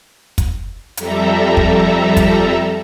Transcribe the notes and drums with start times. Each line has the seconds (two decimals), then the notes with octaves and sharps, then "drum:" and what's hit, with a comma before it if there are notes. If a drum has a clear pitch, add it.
0.38 drum: kick, hi-hat
0.97 F2 G3 A4 E5 A#5, drum: hi-hat
1.57 drum: kick
2.17 drum: kick, hi-hat